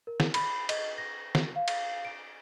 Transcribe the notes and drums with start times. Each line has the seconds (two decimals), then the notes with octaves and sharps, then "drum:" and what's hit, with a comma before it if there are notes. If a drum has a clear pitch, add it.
0.07 A#4
0.20 drum: snare
0.34 B5, drum: cymbal
0.69 D#5, drum: cymbal
0.98 A#6
1.35 drum: snare
1.56 F5
1.68 drum: cymbal
2.05 D7